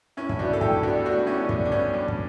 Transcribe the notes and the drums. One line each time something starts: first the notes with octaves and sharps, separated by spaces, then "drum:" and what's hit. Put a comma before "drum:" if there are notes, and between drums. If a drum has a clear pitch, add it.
A2 C#4 E4
E4, drum: kick
G3 B3 D4 F#4
A4
A2 E4 G4, drum: kick
G3 B3 D4 F#4
A2 D4 F#4
G3 B3 C#4 E4
A2 D4, drum: kick
D4
G3 B3 C#4
G2
drum: kick